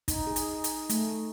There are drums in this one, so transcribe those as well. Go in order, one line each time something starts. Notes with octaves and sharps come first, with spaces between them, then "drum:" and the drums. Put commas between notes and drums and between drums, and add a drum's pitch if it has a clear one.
D#4, drum: kick, hi-hat
G#4
drum: hi-hat
drum: hi-hat
A3, drum: hi-hat